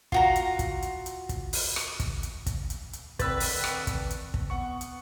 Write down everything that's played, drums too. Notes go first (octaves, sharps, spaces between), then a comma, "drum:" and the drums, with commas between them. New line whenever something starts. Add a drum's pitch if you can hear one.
F4 F#4 A#5, drum: kick
drum: hi-hat
drum: kick, hi-hat
drum: hi-hat
drum: hi-hat
drum: kick, hi-hat
drum: open hi-hat
drum: rim click
drum: kick, hi-hat
drum: hi-hat
drum: kick, hi-hat
drum: hi-hat
drum: hi-hat
D3 D#3 C4 B4 E6 A6, drum: kick, hi-hat
drum: open hi-hat
drum: rim click
drum: kick, hi-hat
drum: hi-hat
drum: kick
B3 F#5 C#6
drum: hi-hat